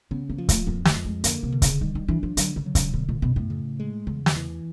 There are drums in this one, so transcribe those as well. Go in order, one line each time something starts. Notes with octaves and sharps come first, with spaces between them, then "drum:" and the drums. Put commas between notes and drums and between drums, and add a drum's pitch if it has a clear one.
C#3 B3
A#3
F3
A3, drum: kick C#1, hi-hat
F2 A#3
A3, drum: snare
F2
G#3
D3 A#3, drum: hi-hat
C3
D3
C#3, drum: kick C#1, hi-hat
D#3 G3
D#3
E3 D4
F3
D3 F#3, drum: hi-hat
C#3
F#3
C#3, drum: kick C#1, hi-hat
B2 D3
A#2
F#2 B2
A2
C#3
G#3
E2 C#3
drum: snare
E3